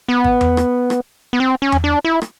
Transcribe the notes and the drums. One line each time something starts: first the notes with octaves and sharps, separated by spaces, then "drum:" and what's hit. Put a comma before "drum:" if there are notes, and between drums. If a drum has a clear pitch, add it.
B3
drum: kick G#1
drum: tom E2
drum: rim click
drum: rim click
B3
C4
C#4
drum: tom E2
D4
E4
drum: rim click